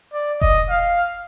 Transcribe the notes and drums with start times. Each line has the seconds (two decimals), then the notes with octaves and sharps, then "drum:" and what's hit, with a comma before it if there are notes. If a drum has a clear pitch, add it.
0.13 D5
0.41 D#5, drum: kick F1
0.70 F5